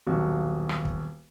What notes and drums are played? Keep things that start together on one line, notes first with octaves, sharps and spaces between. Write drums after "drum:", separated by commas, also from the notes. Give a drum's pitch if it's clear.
D#1 B1 F#4
drum: rim click
drum: kick